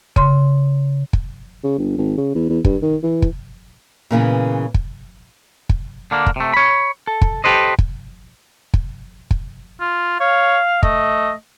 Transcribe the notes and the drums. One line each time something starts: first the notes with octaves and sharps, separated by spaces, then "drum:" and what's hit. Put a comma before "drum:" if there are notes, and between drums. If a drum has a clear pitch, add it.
C#3 C6, drum: kick
drum: kick
C#3
G1
G#1
C#3
E2
E2
G2, drum: kick
D#3
E3
drum: kick
A#2 C#3 E3 B3
drum: kick
drum: kick
D3 A#3 D4
drum: kick
C3 A3
C#5 B5
A4
drum: kick
G4 A4 B4 C5 D#5
drum: kick
drum: kick
drum: kick
F4
C#5 F5
A3 D#5, drum: kick